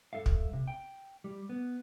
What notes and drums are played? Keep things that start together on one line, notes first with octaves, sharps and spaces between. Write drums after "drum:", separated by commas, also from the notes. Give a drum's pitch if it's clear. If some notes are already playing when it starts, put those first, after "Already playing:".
G2 A4 E5 F5
drum: kick
C3
G5
G3
B3